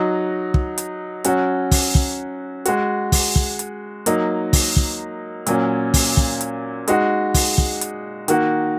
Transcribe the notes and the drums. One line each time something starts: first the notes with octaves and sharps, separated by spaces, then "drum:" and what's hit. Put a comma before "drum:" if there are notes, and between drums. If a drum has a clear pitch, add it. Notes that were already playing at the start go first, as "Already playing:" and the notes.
Already playing: F#3 D#4 F#4
drum: kick
drum: hi-hat
F#3 C#4 F#4, drum: hi-hat
drum: kick, open hi-hat
drum: kick
G#3 F#4, drum: hi-hat
drum: kick, open hi-hat
drum: kick
drum: hi-hat
F#3 A#3 D#4, drum: hi-hat
drum: kick, open hi-hat
drum: kick
A#2 F#3 C#4, drum: hi-hat
drum: kick, open hi-hat
drum: kick
drum: hi-hat
G#3 D#4 F#4, drum: hi-hat
drum: kick, open hi-hat
drum: kick
drum: hi-hat
D#3 A#3 F#4, drum: hi-hat